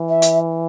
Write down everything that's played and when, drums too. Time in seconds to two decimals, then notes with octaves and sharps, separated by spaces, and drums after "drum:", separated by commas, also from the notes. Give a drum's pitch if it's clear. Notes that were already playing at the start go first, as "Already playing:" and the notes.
Already playing: E3
0.09 E5
0.22 drum: hi-hat